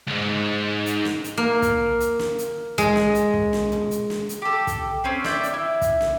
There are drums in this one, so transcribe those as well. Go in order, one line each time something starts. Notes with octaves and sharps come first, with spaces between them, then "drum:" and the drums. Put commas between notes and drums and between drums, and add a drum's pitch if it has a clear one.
C#2 G#2
drum: hi-hat
drum: snare
drum: hi-hat
A#3
drum: kick, hi-hat
drum: hi-hat
drum: snare
drum: hi-hat
G#3, drum: kick, hi-hat
drum: snare
drum: hi-hat
drum: kick
drum: snare
drum: tom A#2
drum: hi-hat
drum: snare
drum: hi-hat
G4 A4
drum: kick, hi-hat
C4 C#4 C5
D4 D5 E5 G5, drum: snare
drum: hi-hat
E4
drum: kick, hi-hat
drum: snare